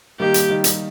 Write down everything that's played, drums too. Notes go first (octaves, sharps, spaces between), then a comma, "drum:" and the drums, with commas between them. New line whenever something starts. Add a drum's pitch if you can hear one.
D#3 G3 A#3 D#4 G4
drum: hi-hat
D#3 G3 A#3 D#4
drum: hi-hat